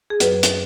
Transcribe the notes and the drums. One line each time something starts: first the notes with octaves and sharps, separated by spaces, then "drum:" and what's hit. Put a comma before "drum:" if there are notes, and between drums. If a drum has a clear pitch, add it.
G#4
F#2 F#3 B4, drum: hi-hat
drum: hi-hat